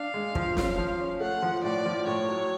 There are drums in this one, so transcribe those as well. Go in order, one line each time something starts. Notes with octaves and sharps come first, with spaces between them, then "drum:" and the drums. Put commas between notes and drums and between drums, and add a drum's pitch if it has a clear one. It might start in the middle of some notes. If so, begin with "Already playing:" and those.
Already playing: D4 F5
G#3
F3, drum: kick
C#4, drum: snare
F3
C#4
A3 F#5
F3
A2 D5
F3
A2 C#5
F#3